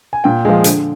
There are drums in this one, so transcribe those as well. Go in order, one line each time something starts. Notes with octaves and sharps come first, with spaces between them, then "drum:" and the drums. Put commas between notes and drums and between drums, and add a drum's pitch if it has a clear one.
G#5
A#2 G5
F3 G#3
D3, drum: hi-hat